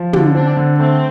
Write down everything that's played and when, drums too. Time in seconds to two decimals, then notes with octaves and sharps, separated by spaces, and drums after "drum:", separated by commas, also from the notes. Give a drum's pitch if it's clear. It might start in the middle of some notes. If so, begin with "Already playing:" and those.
Already playing: F3
0.13 D3, drum: tom
0.35 C4 D4
0.57 D3
0.79 A3 C4